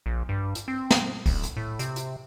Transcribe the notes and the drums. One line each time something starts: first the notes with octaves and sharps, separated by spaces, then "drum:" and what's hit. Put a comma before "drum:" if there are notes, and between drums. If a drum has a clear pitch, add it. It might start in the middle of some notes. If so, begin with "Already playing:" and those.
A#1
G2
drum: hi-hat
C4
drum: snare
D1, drum: kick, open hi-hat
drum: hi-hat
A2
C3, drum: hi-hat
drum: hi-hat